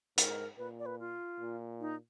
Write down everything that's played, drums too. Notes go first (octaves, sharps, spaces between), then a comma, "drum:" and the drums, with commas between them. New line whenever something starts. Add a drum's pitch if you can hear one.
G#2 A#4, drum: hi-hat
A#2 B4
D5
B4
F4
A#2
D#4